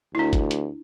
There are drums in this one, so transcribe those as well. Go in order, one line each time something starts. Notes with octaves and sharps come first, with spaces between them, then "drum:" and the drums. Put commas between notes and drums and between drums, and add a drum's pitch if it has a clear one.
D2 D4 E4
drum: kick G1, hi-hat
drum: hi-hat